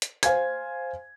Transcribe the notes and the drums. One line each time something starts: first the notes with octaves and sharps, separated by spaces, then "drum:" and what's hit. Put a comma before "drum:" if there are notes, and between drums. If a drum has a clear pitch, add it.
drum: hi-hat
C5 F5 G#5 G#6, drum: hi-hat